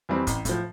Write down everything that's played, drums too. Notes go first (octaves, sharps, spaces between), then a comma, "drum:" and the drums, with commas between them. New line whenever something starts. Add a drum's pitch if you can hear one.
F2 E3 G3 C4
A1, drum: kick, hi-hat
A2 F3, drum: kick, hi-hat